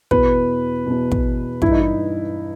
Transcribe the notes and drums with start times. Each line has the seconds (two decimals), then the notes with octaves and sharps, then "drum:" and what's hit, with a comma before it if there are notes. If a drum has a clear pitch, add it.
0.11 E2 B2 B4, drum: kick
0.86 E2 B2
1.12 drum: kick
1.62 G2 E3 E4, drum: kick
1.71 D#4
1.80 E4